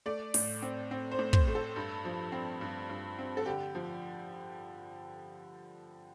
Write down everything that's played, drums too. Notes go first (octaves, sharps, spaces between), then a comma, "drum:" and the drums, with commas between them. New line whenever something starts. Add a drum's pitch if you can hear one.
A3 D5
A2, drum: open hi-hat
C4
C4
C5
A2
C5, drum: kick
A3
A4
G2
F3
C4
G2
G2
C4
A4
D3 G4
F3